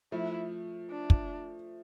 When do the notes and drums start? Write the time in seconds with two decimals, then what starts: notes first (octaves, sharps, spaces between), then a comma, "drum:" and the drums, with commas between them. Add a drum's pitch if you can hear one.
0.12 F3 A3 E4
0.90 D4
1.10 drum: kick